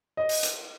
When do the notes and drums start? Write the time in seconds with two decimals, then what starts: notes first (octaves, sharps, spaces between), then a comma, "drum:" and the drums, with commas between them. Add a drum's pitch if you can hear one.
0.17 D#5
0.29 drum: open hi-hat
0.43 drum: hi-hat